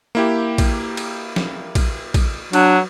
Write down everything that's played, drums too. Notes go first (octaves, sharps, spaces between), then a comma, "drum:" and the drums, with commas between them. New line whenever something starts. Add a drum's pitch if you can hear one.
A#3 E4 G4
drum: kick, cymbal
drum: cymbal
drum: snare
drum: kick, cymbal
drum: kick, cymbal
F#3 D4, drum: cymbal